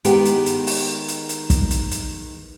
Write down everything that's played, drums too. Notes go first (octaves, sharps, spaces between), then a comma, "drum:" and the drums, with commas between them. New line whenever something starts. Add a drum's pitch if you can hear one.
D#3 G#3 B3 G4, drum: hi-hat
drum: hi-hat
drum: hi-hat
drum: open hi-hat
drum: hi-hat
drum: hi-hat
drum: kick, hi-hat
drum: hi-hat
drum: hi-hat